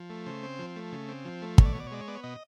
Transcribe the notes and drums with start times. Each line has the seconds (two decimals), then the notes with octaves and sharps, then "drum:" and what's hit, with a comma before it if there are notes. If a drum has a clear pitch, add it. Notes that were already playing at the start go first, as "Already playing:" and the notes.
Already playing: F3
0.10 A3
0.26 C#3 C5
0.43 C4
0.59 F3
0.76 A3
0.92 C#3
1.09 C4
1.25 F3
1.42 A3
1.58 B2 C#5, drum: kick
1.65 D5
1.73 B2 C#5
1.80 D5
1.87 C#5
1.91 G#3 D5
2.01 C#5
2.08 B3 D5
2.15 C#5
2.23 B2 D#5